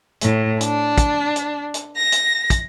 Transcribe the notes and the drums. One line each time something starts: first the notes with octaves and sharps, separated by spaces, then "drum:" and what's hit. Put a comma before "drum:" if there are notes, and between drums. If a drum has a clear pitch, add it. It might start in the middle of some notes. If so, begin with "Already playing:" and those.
A2, drum: hi-hat
D4, drum: hi-hat
drum: kick, hi-hat
drum: hi-hat
drum: hi-hat
A#6
drum: hi-hat
drum: kick, hi-hat